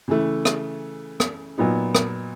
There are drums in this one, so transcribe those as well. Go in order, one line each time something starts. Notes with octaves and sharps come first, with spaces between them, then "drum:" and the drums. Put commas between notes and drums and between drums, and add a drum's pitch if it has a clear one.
C#3 E3 A3
drum: rim click
drum: rim click
A#2 F#3 B3 D#4
drum: rim click